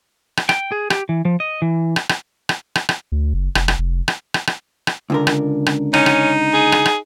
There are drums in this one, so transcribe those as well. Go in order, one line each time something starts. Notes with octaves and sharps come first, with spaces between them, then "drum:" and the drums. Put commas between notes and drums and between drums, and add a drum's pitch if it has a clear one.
drum: rim click
G5, drum: rim click
G#4
G4, drum: rim click
E3
F3
D#5
E3
drum: rim click
drum: rim click
drum: rim click
drum: rim click
drum: rim click
D2
F#1
F1, drum: rim click
drum: rim click
F1
drum: rim click
drum: rim click
drum: rim click
drum: rim click
C#2 D3 A#4
drum: rim click
drum: rim click
C#4 D#4, drum: rim click
drum: rim click
G#4
drum: rim click
drum: rim click